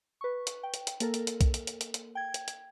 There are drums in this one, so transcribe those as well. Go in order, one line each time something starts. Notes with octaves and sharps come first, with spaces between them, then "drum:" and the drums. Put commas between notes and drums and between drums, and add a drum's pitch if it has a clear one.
B4 C#6
drum: hi-hat
G5
drum: hi-hat
drum: hi-hat
A#3 A4 A#4, drum: hi-hat
drum: hi-hat
drum: hi-hat
drum: kick B1, hi-hat
drum: hi-hat
drum: hi-hat
drum: hi-hat
drum: hi-hat
G5 G#6
drum: hi-hat
drum: hi-hat